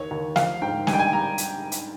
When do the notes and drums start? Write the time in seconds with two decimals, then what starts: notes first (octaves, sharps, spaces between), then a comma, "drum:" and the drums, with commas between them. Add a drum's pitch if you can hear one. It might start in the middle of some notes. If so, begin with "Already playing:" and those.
Already playing: D#2 C#5
0.11 D#2
0.36 F3 F5, drum: snare
0.62 G#2 G5
0.87 G3 G#5, drum: snare
0.93 G5
0.99 G#5
1.13 G3 A#5
1.38 drum: hi-hat
1.72 drum: hi-hat